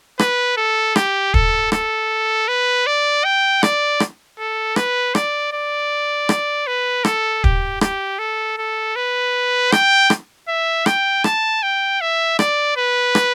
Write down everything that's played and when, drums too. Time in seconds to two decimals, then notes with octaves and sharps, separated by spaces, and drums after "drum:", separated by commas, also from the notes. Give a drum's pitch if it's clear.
0.19 B4, drum: rim click
0.57 A4
0.96 G4, drum: rim click
1.34 A4, drum: kick
1.72 A4, drum: rim click
2.48 B4
2.86 D5
3.24 G5
3.63 D5, drum: rim click
4.00 drum: rim click
4.39 A4
4.76 B4, drum: rim click
5.15 D5, drum: rim click
5.53 D5
6.29 drum: rim click
6.67 B4
7.05 A4, drum: rim click
7.44 G4, drum: kick
7.81 G4, drum: rim click
8.19 A4
8.58 A4
8.96 B4
9.72 G5, drum: rim click
10.10 drum: rim click
10.48 E5
10.86 G5, drum: rim click
11.24 A5, drum: rim click
11.63 G5
12.01 E5
12.39 D5, drum: rim click
12.77 B4
13.15 drum: rim click